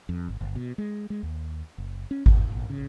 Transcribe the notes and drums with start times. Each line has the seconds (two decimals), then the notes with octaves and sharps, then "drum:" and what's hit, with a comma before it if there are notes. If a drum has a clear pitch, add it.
0.09 F2
0.29 G#1
0.41 G1
0.56 B2
0.78 G#3
1.10 G#3
1.23 D#2
1.78 F#1
2.11 C#4
2.26 E2, drum: kick G#1
2.52 A#1
2.70 C#3